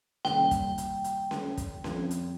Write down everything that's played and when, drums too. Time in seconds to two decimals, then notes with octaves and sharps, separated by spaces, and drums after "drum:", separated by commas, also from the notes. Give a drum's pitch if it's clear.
0.25 F2 C3 D#3 G3 A#3 G5, drum: snare C#4
0.51 drum: kick, hi-hat
0.78 drum: hi-hat
1.04 drum: hi-hat
1.31 drum: snare C#4
1.57 drum: kick, hi-hat
1.84 F2 F3 C4 F4, drum: snare C#4
2.11 drum: hi-hat